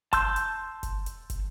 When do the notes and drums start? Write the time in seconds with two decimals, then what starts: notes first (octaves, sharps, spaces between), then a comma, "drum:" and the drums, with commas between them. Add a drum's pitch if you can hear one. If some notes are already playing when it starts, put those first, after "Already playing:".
0.13 A5 C6 E6 G6, drum: kick, hi-hat
0.36 drum: hi-hat
0.83 drum: kick, hi-hat
1.06 drum: hi-hat
1.30 drum: kick, hi-hat